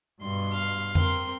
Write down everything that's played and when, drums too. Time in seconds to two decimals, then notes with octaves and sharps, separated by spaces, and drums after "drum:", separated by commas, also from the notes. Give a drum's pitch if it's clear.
0.22 G2 B2 C6
0.53 F5
0.95 C4 A#4 C6, drum: tom F2